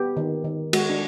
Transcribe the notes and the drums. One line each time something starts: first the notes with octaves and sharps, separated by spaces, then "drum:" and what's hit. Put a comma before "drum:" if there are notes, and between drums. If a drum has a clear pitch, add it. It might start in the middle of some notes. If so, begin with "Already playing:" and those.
Already playing: B3 G4
D#3
D#3
G#3 F#4, drum: cymbal
D4